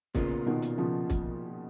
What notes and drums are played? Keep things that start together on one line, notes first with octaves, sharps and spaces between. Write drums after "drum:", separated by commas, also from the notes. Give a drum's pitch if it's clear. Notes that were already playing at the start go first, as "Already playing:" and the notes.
A#2 C#3 B3 F4 A#4 D#5, drum: kick, hi-hat
B2 D#3
drum: hi-hat
C#3 F3
drum: kick, hi-hat